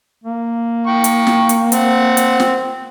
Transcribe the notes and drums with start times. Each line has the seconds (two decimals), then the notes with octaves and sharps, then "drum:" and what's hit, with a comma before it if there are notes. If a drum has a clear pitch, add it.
0.24 A#3
0.87 G5 C#6
1.04 drum: hi-hat
1.27 drum: snare
1.49 drum: hi-hat
1.72 C4 F#5, drum: hi-hat
2.17 drum: hi-hat
2.40 drum: snare